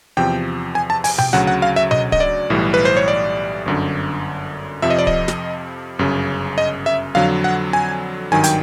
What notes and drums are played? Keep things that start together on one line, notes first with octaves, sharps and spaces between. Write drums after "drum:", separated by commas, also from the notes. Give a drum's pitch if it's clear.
E2 C3 F3 G5
G#5
A5
G#5, drum: open hi-hat
G5, drum: tom B2
D2 C#3 F#3 F#5
F#5
F5
E5
D#5, drum: tom B2
D#5, drum: kick D1
D5
B1 A2 E3 G3
B4
C5
C#5
D5
G1 F#2 D3
F2 C3 F3 E5
D#5
D5
D#5, drum: kick D1
drum: snare
G1 F#2 C#3
D#5
E5
F2 D3 F#3 F5
F#5
G#5
G#1 G2 D#3 F#3 G#5
G5, drum: hi-hat